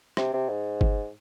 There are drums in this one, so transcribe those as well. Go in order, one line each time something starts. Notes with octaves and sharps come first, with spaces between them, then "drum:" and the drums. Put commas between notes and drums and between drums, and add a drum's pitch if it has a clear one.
C3, drum: rim click
C3
G#2
drum: kick G1